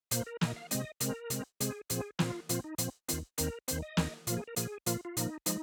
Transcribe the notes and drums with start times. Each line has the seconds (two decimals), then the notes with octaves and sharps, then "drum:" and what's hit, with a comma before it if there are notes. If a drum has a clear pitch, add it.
0.11 A#2 A#3 C5, drum: hi-hat
0.26 A#4
0.41 A#2 A#3 D#5, drum: snare
0.56 F5
0.71 C3 G#3 C4 D#5, drum: hi-hat
1.00 C3 G#3 C4 A#4, drum: hi-hat
1.30 C3 G#3 C4, drum: hi-hat
1.60 C3 G#3 C4 G#4, drum: hi-hat
1.90 A#2 F3 C4 G#4, drum: hi-hat
2.19 A#2 F3 C4 F4, drum: snare
2.49 A#2 F3 C4 F4, drum: hi-hat
2.64 D#4
2.78 A#2 F3 C4, drum: hi-hat
3.09 D#2 D#3 C4 F4, drum: hi-hat
3.38 D#2 D#3 C4 A#4, drum: hi-hat
3.68 D#2 D#3 C4 C5, drum: hi-hat
3.82 D#5
3.97 D#2 D#3 C4, drum: snare
4.27 A#2 F3 A#3 F4, drum: hi-hat
4.37 G#4
4.48 A#4
4.56 A#2 F3 A#3 G#4, drum: hi-hat
4.86 A#2 F3 A#3 F4, drum: hi-hat
5.05 F4
5.17 A#2 F3 A#3 D#4, drum: hi-hat
5.46 F3 G#3 D#4, drum: hi-hat